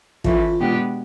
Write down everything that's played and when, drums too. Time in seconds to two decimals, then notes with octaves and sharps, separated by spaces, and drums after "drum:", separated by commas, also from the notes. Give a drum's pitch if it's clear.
0.24 E3 A3 C#4 F4, drum: kick
0.59 B2 G#3 B3 D4 G4